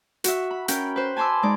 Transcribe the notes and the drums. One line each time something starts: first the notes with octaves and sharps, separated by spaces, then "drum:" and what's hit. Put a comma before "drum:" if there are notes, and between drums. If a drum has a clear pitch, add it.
F#4 E5, drum: hi-hat
B5
C#4 A#4 G5 B5 G6, drum: hi-hat
B4 C5
G#5 A5 B5 C6 D6 E6
G#3 D#4 D5